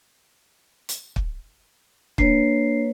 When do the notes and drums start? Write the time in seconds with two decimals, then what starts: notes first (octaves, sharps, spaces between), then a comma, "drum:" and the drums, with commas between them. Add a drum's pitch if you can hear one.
0.89 drum: hi-hat
1.16 drum: kick
2.18 A#3 D4 B4 C#5 C7, drum: kick